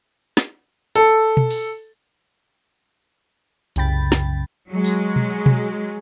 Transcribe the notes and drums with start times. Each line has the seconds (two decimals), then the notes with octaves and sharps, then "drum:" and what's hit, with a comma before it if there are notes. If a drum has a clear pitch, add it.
0.37 drum: snare
0.95 A4, drum: hi-hat
1.37 drum: tom B2
1.50 drum: open hi-hat
3.76 C2 F#2 C#3 G5 B5 A6, drum: hi-hat
4.12 drum: snare
4.69 F#3 G#3
4.84 drum: tambourine
5.16 drum: tom B2
5.46 drum: tom B2